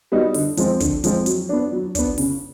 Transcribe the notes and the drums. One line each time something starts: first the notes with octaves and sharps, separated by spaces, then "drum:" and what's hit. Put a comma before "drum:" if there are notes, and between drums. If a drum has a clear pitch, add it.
G3 B3 D#4 F#4
D3, drum: open hi-hat
F3 G#3 C4, drum: hi-hat
D3, drum: kick, hi-hat
F3 G#3 C4, drum: hi-hat
F#3, drum: hi-hat
B3 D4
F#3
B3 D4, drum: kick, hi-hat
C#3, drum: open hi-hat